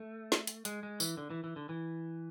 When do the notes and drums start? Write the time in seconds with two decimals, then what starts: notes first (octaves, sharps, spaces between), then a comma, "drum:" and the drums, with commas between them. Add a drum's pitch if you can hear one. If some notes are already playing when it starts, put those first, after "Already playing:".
Already playing: A3
0.32 drum: snare
0.47 drum: hi-hat
0.65 G#3, drum: hi-hat
0.83 G#3
1.00 E3, drum: tambourine
1.17 D3
1.30 E3
1.44 E3
1.56 D3
1.69 E3